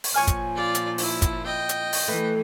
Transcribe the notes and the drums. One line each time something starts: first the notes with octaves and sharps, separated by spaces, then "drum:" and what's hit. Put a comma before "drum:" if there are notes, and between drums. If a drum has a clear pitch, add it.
drum: open hi-hat
A#2 F3 C#5 G#5 F6
drum: kick, hi-hat
F4 D5
drum: hi-hat
E4, drum: open hi-hat
drum: kick, hi-hat
D#5 G5
drum: hi-hat
drum: open hi-hat
E3 A3 B4